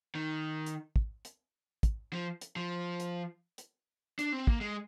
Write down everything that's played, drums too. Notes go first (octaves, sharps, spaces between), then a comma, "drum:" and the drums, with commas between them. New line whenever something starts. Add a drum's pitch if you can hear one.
D#3
drum: hi-hat
drum: kick
drum: hi-hat
drum: kick, hi-hat
F3
drum: hi-hat
F3
drum: hi-hat
drum: hi-hat
D4, drum: hi-hat
C4
A#3, drum: kick
G#3